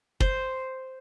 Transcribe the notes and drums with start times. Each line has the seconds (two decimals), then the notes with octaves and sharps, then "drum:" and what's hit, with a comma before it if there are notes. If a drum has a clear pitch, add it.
0.20 C5, drum: kick